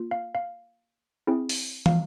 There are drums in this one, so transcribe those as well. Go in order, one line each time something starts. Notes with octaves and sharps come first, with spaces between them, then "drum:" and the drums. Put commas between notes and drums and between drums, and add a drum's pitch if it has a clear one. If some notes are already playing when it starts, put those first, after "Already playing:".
Already playing: A#3 F4
F5
F5
C4 E4 G#4
drum: open hi-hat
F5, drum: tom